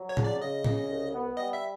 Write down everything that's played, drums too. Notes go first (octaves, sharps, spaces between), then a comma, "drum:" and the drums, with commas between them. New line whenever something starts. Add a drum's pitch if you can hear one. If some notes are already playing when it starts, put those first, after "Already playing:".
Already playing: F#3
C#5
C#3, drum: tom
D5
C#3 D#5
C#3, drum: tom
C2
B3
G3 D#5
E5